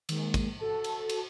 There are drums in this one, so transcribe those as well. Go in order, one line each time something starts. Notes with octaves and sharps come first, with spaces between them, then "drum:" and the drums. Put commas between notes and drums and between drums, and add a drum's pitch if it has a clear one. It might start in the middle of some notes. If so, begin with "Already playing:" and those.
D#3 G#3 A#3, drum: cymbal
drum: kick, cymbal
F#4 A4 A5
drum: cymbal
drum: cymbal